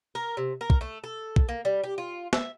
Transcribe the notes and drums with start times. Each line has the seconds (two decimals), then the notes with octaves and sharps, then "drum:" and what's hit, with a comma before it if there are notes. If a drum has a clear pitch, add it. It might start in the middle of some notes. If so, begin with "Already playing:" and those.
0.15 A#4
0.37 C3
0.61 A#4
0.70 drum: kick
0.81 A3
1.04 A4
1.36 drum: kick
1.49 A#3
1.65 G3
1.84 G4
1.98 F4
2.33 E5, drum: snare